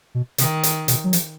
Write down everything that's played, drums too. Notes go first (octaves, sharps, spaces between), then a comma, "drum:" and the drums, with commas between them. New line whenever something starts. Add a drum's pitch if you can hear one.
B2
C3 D#3, drum: hi-hat
drum: hi-hat
B2, drum: hi-hat
F#3
F3, drum: hi-hat